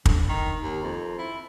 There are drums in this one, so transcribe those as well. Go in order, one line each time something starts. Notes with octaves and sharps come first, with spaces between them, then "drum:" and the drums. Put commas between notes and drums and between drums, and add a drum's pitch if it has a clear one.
D3, drum: kick
D#3
D#2
F2
E4